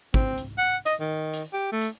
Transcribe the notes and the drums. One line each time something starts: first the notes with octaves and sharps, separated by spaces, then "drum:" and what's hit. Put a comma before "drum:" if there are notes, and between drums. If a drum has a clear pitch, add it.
C4, drum: kick
drum: hi-hat
F#5
D#5, drum: hi-hat
D#3
drum: hi-hat
G4
A3
drum: hi-hat